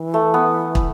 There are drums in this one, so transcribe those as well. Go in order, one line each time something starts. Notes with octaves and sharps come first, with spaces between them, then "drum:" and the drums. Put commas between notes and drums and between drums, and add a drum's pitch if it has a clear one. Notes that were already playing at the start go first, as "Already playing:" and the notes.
Already playing: E3
A3
B3
drum: kick